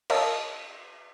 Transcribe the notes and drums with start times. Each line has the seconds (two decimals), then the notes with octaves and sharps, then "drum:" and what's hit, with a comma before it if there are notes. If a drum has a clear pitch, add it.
0.10 A#4 C#5 D#5 F5 A5 E6, drum: cymbal